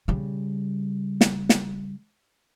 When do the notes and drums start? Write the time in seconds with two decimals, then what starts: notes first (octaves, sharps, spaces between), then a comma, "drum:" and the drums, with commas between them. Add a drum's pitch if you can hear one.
0.08 C#3 G3
1.21 drum: snare
1.49 drum: snare